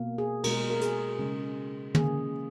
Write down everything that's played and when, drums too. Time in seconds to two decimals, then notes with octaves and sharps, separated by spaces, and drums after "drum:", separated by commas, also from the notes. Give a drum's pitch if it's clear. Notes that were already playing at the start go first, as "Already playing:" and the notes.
Already playing: B2 A#3
0.18 G#4
0.44 B2 G#3 A#4, drum: cymbal
0.70 A#4
0.81 G#4, drum: hi-hat
1.19 C#3 G#3
1.95 C#3 E3 A#3 G#4, drum: tom